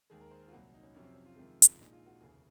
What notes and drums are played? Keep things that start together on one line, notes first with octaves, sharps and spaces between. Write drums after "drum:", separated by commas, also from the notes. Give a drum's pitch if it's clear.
D#2 D#3 G#3 G#4
A#4
C5
A#4
F4
C2 A#2 F#3 F#4
D#4
C#4
F2 C3 F#3 C#4
C4
C#4
F4
F2 C3 D#3 G#3
drum: hi-hat
A#1 A#2 G#3 D#4
F4
F#4
F1 D#2 C#3 G#4